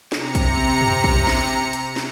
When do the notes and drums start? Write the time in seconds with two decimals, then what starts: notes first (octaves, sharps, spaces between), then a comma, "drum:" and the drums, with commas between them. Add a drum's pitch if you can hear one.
0.12 C3 A#5 C#7, drum: snare
0.35 drum: kick, hi-hat
0.81 drum: tom
1.04 drum: kick
1.27 drum: snare
1.73 drum: hi-hat
1.96 drum: snare